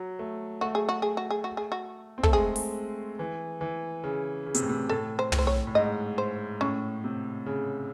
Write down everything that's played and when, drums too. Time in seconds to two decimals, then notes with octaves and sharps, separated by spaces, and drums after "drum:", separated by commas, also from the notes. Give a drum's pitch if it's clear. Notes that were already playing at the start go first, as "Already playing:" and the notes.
Already playing: F#3
0.19 A3
0.61 A3 F#4
0.75 G#4
0.89 F#4
1.02 G#4
1.17 F#4
1.31 G#4
1.44 F#4
1.57 G#4
1.72 F#4
2.18 C4
2.23 A3 A4, drum: kick
2.33 G#3 G#4
2.56 drum: open hi-hat
3.19 E3
3.61 E3
4.04 C#3
4.46 C#3
4.54 C3, drum: hi-hat
4.62 A2
4.69 C3
4.89 A2 A4
5.19 C5
5.32 A2, drum: tom
5.39 C5
5.47 C#5
5.67 A2
5.75 G#2 D#5
6.18 C5
6.61 A2 C#4
7.04 C3
7.46 C#3